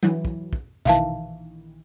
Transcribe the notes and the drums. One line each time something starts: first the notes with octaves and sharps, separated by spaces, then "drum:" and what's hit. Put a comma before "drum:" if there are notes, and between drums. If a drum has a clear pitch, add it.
E3 F#3, drum: tom F#3
drum: kick
drum: kick
A#1 D#3 E3 E5 F5 A5, drum: tom B2